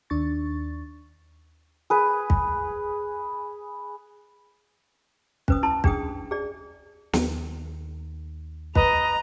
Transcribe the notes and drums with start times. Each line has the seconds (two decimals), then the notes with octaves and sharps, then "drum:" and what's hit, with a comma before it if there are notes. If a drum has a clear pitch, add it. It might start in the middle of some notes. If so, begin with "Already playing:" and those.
0.10 D#2 D4 C#6 A6
1.90 G#4 B4
2.30 drum: kick
5.48 C#4 B4 D#6, drum: kick
5.63 E4 A5 C6
5.84 D4 G#4 G5 D#6, drum: kick
6.31 G#4 D5
7.13 D#2, drum: snare
8.75 B4 D#5 A#5, drum: kick